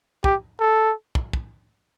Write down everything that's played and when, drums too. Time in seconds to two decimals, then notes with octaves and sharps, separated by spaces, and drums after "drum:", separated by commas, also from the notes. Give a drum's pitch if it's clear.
0.24 G4, drum: kick
0.60 A4
1.15 drum: kick
1.33 drum: kick